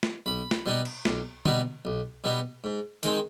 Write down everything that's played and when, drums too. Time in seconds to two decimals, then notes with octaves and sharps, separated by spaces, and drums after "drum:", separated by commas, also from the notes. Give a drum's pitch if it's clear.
0.03 drum: snare
0.26 B1 B5
0.51 drum: snare
0.66 B2 G3 B3 D#4
0.85 drum: cymbal
1.05 B1, drum: snare
1.45 B2 G3 B3 D#4, drum: tom D3
1.85 B1
2.24 B2 G3 B3 D#4
2.64 G#2
3.03 D#3 G#3 C4 D#4, drum: hi-hat